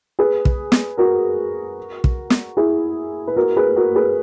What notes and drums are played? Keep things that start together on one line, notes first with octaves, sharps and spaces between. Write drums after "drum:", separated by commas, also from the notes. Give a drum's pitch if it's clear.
G#4 B4
drum: kick
drum: snare
F#4 A#4
drum: kick
drum: snare
E4 G#4
B4
F#4 A#4
G#4 B4
F#4 A#4
G#4 B4